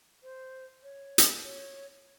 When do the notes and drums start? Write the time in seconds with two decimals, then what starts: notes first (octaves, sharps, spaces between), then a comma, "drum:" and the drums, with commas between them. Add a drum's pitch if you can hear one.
0.23 C5
0.83 C#5
1.18 drum: hi-hat
1.44 C#5